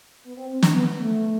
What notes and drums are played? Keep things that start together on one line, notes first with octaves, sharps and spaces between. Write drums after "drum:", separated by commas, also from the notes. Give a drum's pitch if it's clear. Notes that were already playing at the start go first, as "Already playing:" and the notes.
B3
C4
C4
D4, drum: snare
B3
A3